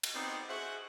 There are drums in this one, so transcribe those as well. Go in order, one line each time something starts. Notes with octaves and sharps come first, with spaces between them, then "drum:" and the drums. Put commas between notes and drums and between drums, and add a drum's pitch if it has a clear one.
drum: cymbal
B3 C4 D#4 C5 D5
F#4 G#4 C5 E5 F#5